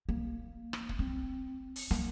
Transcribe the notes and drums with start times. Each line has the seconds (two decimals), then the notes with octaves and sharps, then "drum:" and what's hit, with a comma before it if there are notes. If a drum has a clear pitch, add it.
0.09 A#3
0.73 drum: rim click
0.89 drum: kick
0.99 C4
1.76 drum: open hi-hat
1.91 A#3, drum: snare